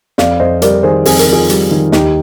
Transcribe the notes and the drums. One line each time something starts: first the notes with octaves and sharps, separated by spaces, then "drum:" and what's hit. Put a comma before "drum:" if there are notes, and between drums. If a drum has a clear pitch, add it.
F2 D5 F5, drum: snare
F2 C5 D#5
G3 A#4 D5, drum: hi-hat
D#3 G#4 C5
F2 G#4, drum: open hi-hat
A#4, drum: hi-hat
F2 F4 G#4
G3, drum: hi-hat
D#3
D#2 D#4 G4, drum: snare